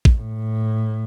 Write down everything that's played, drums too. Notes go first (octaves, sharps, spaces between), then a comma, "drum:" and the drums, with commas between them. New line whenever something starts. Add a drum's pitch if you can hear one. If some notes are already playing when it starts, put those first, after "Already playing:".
drum: kick A1
A2